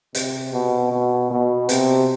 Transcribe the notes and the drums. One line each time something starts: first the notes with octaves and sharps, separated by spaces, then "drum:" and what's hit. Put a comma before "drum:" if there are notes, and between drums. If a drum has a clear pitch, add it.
C3, drum: hi-hat
B2
B2
B2
C3, drum: hi-hat